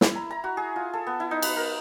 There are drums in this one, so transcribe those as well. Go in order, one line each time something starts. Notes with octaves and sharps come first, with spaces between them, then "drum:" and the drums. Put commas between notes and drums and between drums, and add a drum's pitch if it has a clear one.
E4, drum: snare
A#5
A#5
F#4
G#4
F4
A4
B3
E4
D#4
B4, drum: cymbal
A#4